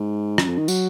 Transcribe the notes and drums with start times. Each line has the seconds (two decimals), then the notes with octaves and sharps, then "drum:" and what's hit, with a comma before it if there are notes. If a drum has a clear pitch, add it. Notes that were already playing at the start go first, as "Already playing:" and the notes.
Already playing: G#2
0.38 F#2, drum: rim click
0.48 F2
0.58 D#3
0.68 F#3, drum: tambourine